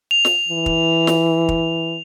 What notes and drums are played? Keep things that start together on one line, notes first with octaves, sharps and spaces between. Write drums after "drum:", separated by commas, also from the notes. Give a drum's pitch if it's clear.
F7
drum: snare
E3
drum: kick
drum: snare
drum: kick